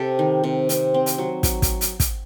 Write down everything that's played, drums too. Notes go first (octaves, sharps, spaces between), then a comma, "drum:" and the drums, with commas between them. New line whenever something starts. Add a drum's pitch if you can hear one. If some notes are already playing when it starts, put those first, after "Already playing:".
Already playing: C3 G4 A4
D#3
C3
C4, drum: hi-hat
C4
drum: hi-hat
F#3
F#3, drum: kick, hi-hat
drum: kick, hi-hat
drum: hi-hat
drum: kick, hi-hat